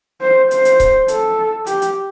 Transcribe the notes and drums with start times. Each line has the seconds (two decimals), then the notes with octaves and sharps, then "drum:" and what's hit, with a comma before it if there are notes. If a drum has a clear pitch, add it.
0.21 C5
0.51 C5, drum: hi-hat
0.65 drum: hi-hat
0.80 drum: kick C#1, hi-hat
1.08 A4, drum: hi-hat
1.67 G4, drum: hi-hat
1.82 drum: hi-hat